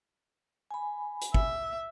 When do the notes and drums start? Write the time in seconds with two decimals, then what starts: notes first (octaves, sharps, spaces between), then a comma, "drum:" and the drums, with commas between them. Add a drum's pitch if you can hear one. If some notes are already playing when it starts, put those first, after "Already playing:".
0.71 G#5 B5
1.21 drum: hi-hat
1.34 E5, drum: kick